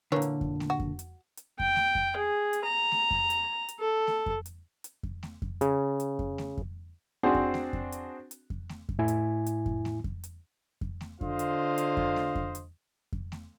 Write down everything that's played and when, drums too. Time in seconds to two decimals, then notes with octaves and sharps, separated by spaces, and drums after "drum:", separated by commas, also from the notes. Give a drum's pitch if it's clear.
0.12 A#2 D3 E3 A#4 C#5
0.22 drum: hi-hat
0.41 drum: kick F2
0.60 drum: snare A3
0.70 F#4
0.80 drum: kick F2
0.99 drum: hi-hat
1.37 drum: hi-hat
1.60 G5, drum: kick F2
1.76 drum: snare A3
1.95 drum: kick F2
2.16 G#4
2.53 drum: hi-hat
2.65 A#5
2.91 drum: snare A3
3.11 drum: kick F2
3.30 drum: hi-hat
3.69 drum: hi-hat
3.80 A4
4.07 drum: snare A3
4.26 drum: kick F2
4.46 drum: hi-hat
4.84 drum: hi-hat
5.03 drum: kick F2
5.23 drum: snare A3
5.42 drum: kick F2
5.61 C#3, drum: hi-hat
6.00 drum: hi-hat
6.19 drum: kick F2
6.38 drum: snare A3
6.57 drum: kick F2
7.23 C4 D4 F#4 G#4 C5
7.35 drum: kick F2
7.54 drum: snare A3
7.73 drum: kick F2
7.92 drum: hi-hat
8.31 drum: hi-hat
8.50 drum: kick F2
8.69 drum: snare A3
8.89 drum: kick F2
8.99 A2 E4 G#5
9.08 drum: hi-hat
9.46 drum: hi-hat
9.66 drum: kick F2
9.85 drum: snare A3
10.04 drum: kick F2
10.24 drum: hi-hat
10.81 drum: kick F2
11.01 drum: snare A3
11.21 D3 F4 C5 D#5 F5, drum: kick F2
11.39 drum: hi-hat
11.78 drum: hi-hat
11.97 drum: kick F2
12.16 drum: snare A3
12.35 drum: kick F2
12.55 drum: hi-hat
13.12 drum: kick F2
13.32 drum: snare A3